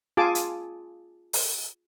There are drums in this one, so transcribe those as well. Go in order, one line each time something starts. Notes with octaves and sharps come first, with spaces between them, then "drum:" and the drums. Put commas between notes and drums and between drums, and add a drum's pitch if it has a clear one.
F4 G#4 G#5 A5 D6
drum: hi-hat
drum: open hi-hat